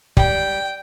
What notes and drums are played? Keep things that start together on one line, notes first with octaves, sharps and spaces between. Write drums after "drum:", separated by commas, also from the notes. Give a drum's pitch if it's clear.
G3 G5, drum: kick